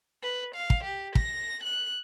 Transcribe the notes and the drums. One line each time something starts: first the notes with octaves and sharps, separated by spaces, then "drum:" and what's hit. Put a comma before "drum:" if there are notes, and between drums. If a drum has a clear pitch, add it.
B4
F5
drum: kick
G4
A#6, drum: kick
F#6